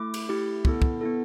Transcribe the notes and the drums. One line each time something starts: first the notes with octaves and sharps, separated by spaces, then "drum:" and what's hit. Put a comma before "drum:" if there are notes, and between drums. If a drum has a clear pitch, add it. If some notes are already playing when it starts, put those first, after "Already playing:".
Already playing: A3 E4 D6
drum: cymbal
A3 E4 G4
B3 E4 A4, drum: kick
drum: kick
B3 E4 A4